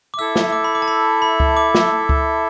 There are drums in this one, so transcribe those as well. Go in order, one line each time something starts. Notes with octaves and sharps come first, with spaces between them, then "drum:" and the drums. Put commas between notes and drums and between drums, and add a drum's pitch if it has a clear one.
D6
E4 A4 E5 E6
drum: snare
D6
B5
D6
A5
B5
B5
drum: kick C#2
D6
drum: snare
drum: kick C#2